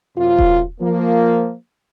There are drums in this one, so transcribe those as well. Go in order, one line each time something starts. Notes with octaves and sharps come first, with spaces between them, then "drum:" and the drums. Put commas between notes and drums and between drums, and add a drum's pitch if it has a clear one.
F#2 C3 F4
drum: kick D#1
F3 A#3